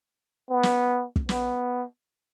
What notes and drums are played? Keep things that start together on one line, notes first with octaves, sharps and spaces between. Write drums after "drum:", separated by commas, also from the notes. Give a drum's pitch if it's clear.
B3
drum: snare
drum: kick
B3, drum: snare